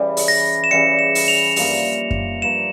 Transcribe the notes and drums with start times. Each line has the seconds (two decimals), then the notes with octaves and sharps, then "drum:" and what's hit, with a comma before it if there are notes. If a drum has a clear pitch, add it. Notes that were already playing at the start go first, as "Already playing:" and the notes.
Already playing: C#3 E3 G3
0.17 drum: open hi-hat
0.28 A#6
0.64 E7
0.71 C#3 E3 G3 C#7
0.99 E7
1.15 drum: open hi-hat
1.28 F7
1.56 G2 F3 A#3, drum: open hi-hat
2.11 drum: kick F#2
2.42 G2 F3 A#3 E7